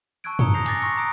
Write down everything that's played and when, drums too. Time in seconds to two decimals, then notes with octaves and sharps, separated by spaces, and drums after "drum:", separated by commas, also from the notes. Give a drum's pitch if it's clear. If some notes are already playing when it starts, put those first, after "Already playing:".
0.24 A5 C#6 E6 F#6 G#6 D7
0.39 A#5 D#6 C#7 G7, drum: tom
0.54 D#6 G6 A#6 C7 F7
0.66 G#5 D6 F#6 A6 A#6, drum: hi-hat
0.80 C6 C#6 E6 C#7
0.97 A#5 D#6 F#6 D7